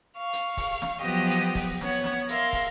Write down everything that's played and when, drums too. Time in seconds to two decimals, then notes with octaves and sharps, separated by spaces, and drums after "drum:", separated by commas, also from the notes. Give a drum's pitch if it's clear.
0.17 F5 C#6
0.33 drum: hi-hat
0.57 drum: kick, open hi-hat
0.82 drum: snare
1.01 F3 F#3 B3 G4 D#5
1.31 drum: hi-hat
1.55 drum: kick, open hi-hat
1.81 B3 C#5 F#5, drum: snare
2.04 drum: snare
2.28 A#4 E5 F5 C6, drum: hi-hat
2.53 drum: kick, open hi-hat